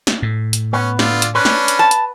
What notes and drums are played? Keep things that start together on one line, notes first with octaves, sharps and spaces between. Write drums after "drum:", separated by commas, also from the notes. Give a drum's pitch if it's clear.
drum: snare
A2
drum: hi-hat
B3 C#4 C#6
D3 F4 D5, drum: snare
drum: hi-hat
C#4 D4 B4
drum: snare
drum: hi-hat
A5
drum: hi-hat